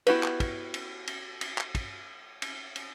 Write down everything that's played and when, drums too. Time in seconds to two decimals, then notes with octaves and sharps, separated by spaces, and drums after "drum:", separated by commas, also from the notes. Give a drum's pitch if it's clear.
0.07 B3 E4 F#4 G4 B4, drum: cymbal
0.23 drum: clap
0.40 drum: kick, cymbal
0.74 drum: cymbal
1.07 drum: cymbal
1.41 drum: cymbal
1.58 drum: clap
1.75 drum: kick, cymbal
2.42 drum: cymbal
2.76 drum: cymbal